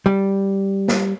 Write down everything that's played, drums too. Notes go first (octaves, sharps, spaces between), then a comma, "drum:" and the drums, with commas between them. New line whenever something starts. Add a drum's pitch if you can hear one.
G3
drum: snare